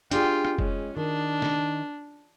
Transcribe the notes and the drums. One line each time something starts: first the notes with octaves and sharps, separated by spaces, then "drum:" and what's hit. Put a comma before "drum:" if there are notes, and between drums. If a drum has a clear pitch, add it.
D4 F4 G4 G#4 G5, drum: hi-hat
drum: rim click
G#3 C#4, drum: kick F1
D#3 D4
drum: snare